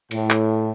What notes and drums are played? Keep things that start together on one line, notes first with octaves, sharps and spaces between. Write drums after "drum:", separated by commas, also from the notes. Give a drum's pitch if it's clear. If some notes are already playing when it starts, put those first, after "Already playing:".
A2, drum: cymbal
drum: clap